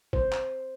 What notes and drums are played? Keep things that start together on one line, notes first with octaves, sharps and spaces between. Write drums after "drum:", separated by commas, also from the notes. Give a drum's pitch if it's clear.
C5, drum: kick G1
drum: clap